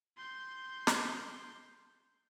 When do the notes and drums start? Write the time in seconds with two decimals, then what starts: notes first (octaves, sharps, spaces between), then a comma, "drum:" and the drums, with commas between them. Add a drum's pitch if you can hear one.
0.18 C6 G6
0.87 drum: snare